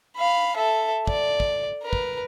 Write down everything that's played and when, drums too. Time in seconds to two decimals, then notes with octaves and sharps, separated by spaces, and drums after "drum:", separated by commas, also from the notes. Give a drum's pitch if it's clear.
0.17 F5 B5
0.57 A4 E5
1.07 D5, drum: kick
1.40 drum: kick
1.83 A#4 B4
1.93 drum: kick